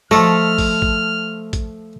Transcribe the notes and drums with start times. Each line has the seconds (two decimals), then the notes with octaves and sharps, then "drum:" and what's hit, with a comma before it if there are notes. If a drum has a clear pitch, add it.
0.11 F3 A3 A4 D#5 F6
0.58 drum: kick, open hi-hat
0.82 drum: kick
1.53 drum: kick, hi-hat